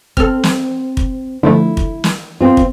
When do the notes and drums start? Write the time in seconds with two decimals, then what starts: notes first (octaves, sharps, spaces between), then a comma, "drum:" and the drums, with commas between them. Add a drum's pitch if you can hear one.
0.17 C4 A4 F6, drum: kick
0.44 drum: snare
0.97 drum: kick
1.43 D3 F3 A3 E4
1.77 drum: kick
2.04 drum: snare
2.41 C4 F4
2.57 drum: kick